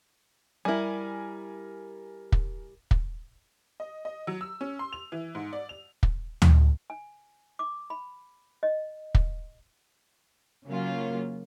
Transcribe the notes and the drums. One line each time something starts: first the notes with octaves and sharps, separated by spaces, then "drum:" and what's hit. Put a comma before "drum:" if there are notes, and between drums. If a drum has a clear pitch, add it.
G3 E4 A#4 G#5
drum: kick
drum: kick
D#5
D#5
F#3
E6
C#4
C6
F7
E3
G#2
D5
F7
drum: kick
drum: tom
G#5
D6
B5
D#5
drum: kick
C#3 F#3 A#3 C#4 F4